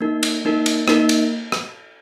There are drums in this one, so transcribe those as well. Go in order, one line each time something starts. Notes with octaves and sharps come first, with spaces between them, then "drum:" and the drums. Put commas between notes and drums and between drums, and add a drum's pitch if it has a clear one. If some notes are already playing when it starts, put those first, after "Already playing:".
A#3 D#4 A#4
drum: cymbal
A#3 D#4 A#4
drum: cymbal
A#3 D#4 A#4, drum: rim click
drum: cymbal
drum: rim click